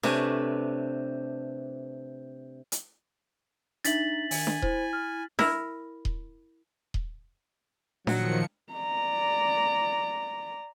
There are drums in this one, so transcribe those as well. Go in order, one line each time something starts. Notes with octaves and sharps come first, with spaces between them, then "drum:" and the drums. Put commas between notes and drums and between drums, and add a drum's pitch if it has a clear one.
C3 A3 D4 B4 C#5 G#5, drum: snare D4
drum: hi-hat
D4 D#4 E5 A6 B6 F#7, drum: hi-hat
D#3 G#5, drum: open hi-hat
drum: snare D4
E4 C5, drum: kick D#1
F6
E4 A#4, drum: snare D4
drum: kick D#1
drum: kick D#1
A#2 D#3 F3 F#3 C#7, drum: snare D4
D5 A#5